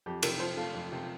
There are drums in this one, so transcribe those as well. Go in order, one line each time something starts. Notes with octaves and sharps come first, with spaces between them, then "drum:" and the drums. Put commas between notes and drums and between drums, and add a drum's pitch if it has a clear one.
F2 G4
C3 A4, drum: cymbal
F3 C5
A3 F5
F2
C3